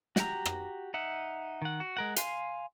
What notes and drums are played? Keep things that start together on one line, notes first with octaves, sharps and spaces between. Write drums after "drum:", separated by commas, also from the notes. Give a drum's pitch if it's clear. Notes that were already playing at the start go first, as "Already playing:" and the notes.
F#4 G4 A#5, drum: snare
drum: rim click
D#4 E5 F#5
D#3 F#5
F#4
G#3 A#4 F#5
F5 G#5 C6, drum: hi-hat